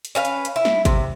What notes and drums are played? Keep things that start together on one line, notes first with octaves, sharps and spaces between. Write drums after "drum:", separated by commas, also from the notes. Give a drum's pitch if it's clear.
drum: hi-hat
C#4 B4 F5
drum: hi-hat
drum: hi-hat
E4
drum: snare
C3, drum: kick, hi-hat